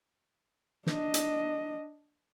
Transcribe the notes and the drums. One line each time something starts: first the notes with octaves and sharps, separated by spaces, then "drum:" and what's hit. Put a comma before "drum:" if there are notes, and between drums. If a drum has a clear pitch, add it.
D4 D#5, drum: snare
drum: hi-hat